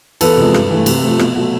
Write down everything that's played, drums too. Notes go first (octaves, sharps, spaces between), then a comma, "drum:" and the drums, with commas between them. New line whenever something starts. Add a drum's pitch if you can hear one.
E2 A4 B4, drum: cymbal
C3 F3 G#3
G2, drum: rim click
E3 A3
C3, drum: cymbal
F3 A3
B2, drum: rim click
F#3 A3